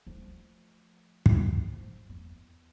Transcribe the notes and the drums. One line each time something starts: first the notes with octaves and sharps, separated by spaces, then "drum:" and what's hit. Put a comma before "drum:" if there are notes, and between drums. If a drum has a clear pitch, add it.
F3 A3
drum: kick
F3
E2